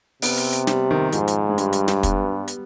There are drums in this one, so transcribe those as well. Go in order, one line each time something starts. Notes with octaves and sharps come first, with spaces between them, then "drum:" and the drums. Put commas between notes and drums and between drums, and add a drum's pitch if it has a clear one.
C3 B3, drum: open hi-hat
drum: hi-hat
drum: hi-hat
G3, drum: snare
D#3
G#2 F3, drum: hi-hat
drum: hi-hat
G#3
G2 G3, drum: hi-hat
drum: hi-hat
drum: snare
B3, drum: kick, hi-hat
G3
drum: hi-hat